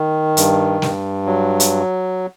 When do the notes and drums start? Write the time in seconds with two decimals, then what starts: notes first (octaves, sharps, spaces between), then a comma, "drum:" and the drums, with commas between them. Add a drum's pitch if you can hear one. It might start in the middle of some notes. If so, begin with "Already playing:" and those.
Already playing: D#3
0.37 G2, drum: hi-hat
0.82 G2, drum: snare
1.26 F#3
1.60 drum: hi-hat